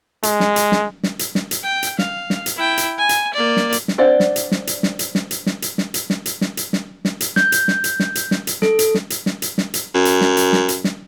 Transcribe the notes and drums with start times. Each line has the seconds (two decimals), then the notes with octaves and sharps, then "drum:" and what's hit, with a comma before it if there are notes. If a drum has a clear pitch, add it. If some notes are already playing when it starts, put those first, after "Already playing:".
0.23 G#3, drum: hi-hat
0.40 drum: snare
0.56 drum: hi-hat
0.72 drum: snare
1.03 drum: snare
1.19 drum: hi-hat
1.35 drum: snare
1.51 drum: hi-hat
1.64 G5
1.83 drum: hi-hat
1.99 F5, drum: snare
2.30 drum: snare
2.46 drum: hi-hat
2.56 E4 G5
2.78 drum: hi-hat
2.98 G#5
3.09 drum: hi-hat
3.34 A#3 D5
3.57 drum: snare
3.72 drum: hi-hat
3.88 drum: snare
3.98 C4 D4 D5 F#5
4.20 drum: snare
4.36 drum: hi-hat
4.52 drum: snare
4.67 drum: hi-hat
4.83 drum: snare
4.99 drum: hi-hat
5.15 drum: snare
5.31 drum: hi-hat
5.46 drum: snare
5.62 drum: hi-hat
5.78 drum: snare
5.94 drum: hi-hat
6.10 drum: snare
6.26 drum: hi-hat
6.41 drum: snare
6.57 drum: hi-hat
6.73 drum: snare
7.05 drum: snare
7.20 drum: hi-hat
7.36 G6, drum: snare
7.52 drum: hi-hat
7.68 drum: snare
7.84 drum: hi-hat
8.00 drum: snare
8.15 drum: hi-hat
8.31 drum: snare
8.47 drum: hi-hat
8.62 A4, drum: snare
8.79 drum: hi-hat
8.95 drum: snare
9.10 drum: hi-hat
9.26 drum: snare
9.42 drum: hi-hat
9.58 drum: snare
9.74 drum: hi-hat
9.95 F#2
10.05 drum: hi-hat
10.21 drum: snare
10.37 drum: hi-hat
10.53 drum: snare
10.69 drum: hi-hat
10.84 drum: snare